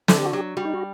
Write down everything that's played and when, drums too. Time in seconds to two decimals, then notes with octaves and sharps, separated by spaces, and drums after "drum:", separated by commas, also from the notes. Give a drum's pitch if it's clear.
0.08 D3 A4, drum: snare
0.18 G4
0.25 F#4
0.33 F#3 G4
0.57 G3 F#4
0.65 D#4
0.74 F#4